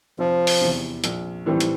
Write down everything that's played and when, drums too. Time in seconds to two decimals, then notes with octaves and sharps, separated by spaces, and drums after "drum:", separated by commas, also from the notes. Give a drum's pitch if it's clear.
0.19 F1 F3
0.47 drum: open hi-hat
0.61 E2 C3
1.04 A#1, drum: hi-hat
1.46 A2 E3 G3 C4
1.60 drum: hi-hat